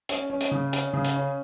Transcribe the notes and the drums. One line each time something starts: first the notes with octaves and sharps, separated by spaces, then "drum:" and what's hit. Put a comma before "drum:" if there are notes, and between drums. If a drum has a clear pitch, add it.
C#4, drum: hi-hat
C#4
drum: hi-hat
C#3
C#4, drum: hi-hat
C#3
drum: hi-hat
C#4